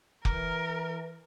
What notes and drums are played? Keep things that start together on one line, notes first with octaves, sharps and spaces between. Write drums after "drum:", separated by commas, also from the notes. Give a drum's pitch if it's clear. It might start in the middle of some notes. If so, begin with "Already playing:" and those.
E3 A#4, drum: kick F1